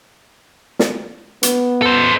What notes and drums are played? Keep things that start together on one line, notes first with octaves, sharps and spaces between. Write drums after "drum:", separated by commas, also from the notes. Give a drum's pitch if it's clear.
drum: snare
B3, drum: hi-hat
A4 C5